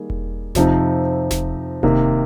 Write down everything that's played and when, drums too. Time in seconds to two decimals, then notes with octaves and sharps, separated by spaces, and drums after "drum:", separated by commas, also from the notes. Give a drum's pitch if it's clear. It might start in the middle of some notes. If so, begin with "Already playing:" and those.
Already playing: D#3 G3 A#3 G#4
0.10 drum: kick E1
0.55 F2 C3 F3 C4 D#4, drum: snare F1
1.31 drum: snare F1
1.83 C3 D#3 A#3, drum: kick E1